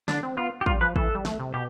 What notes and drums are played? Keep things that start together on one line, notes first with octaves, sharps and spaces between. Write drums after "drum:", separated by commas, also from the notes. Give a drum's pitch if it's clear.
D3 D4, drum: snare
C4
B3 F4
G4
G3 F4, drum: kick
F3 B4
E3 A4, drum: kick
G3
A3, drum: snare
C3
B2 G4